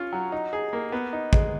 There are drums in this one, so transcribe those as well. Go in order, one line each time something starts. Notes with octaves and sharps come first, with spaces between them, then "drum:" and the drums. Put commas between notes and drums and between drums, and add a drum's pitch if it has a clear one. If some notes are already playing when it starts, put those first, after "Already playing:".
Already playing: C#4 F4
F#3
D#4
G#4
A#3
B3
D#4
G#3, drum: kick